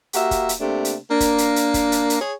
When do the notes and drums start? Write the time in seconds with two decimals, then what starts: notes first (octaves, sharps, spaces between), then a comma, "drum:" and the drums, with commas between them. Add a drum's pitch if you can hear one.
0.13 A#3 F#4 G4 E5, drum: hi-hat
0.31 drum: kick, hi-hat
0.49 drum: hi-hat
0.60 C3 A3 A#3 D4
0.85 drum: hi-hat
1.10 A#3 D4
1.20 drum: kick, hi-hat
1.38 drum: hi-hat
1.56 drum: hi-hat
1.74 drum: kick, hi-hat
1.92 drum: hi-hat
2.10 drum: hi-hat
2.20 G#4 C#5